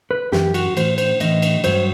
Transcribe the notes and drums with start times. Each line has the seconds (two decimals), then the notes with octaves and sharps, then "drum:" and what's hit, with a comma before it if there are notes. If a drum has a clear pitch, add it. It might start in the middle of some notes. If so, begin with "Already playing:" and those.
0.11 B4
0.32 F#2 E3 G4, drum: snare
0.54 F#4, drum: cymbal
0.77 A2 E3 C5, drum: cymbal
0.98 C5, drum: cymbal
1.20 A2 E3 D#5, drum: cymbal
1.42 drum: cymbal
1.64 G2 F#3 C5, drum: cymbal